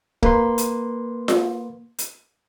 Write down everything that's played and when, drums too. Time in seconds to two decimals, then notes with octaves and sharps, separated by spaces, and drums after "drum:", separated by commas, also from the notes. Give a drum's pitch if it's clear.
0.23 A#3 B4 C6, drum: kick
0.58 drum: hi-hat
1.28 drum: snare F4
1.98 drum: hi-hat